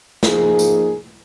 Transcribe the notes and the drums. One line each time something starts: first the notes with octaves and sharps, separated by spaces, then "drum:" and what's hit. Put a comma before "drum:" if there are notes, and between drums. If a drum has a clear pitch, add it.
F3 A#3 D#4 G#4, drum: snare
drum: tambourine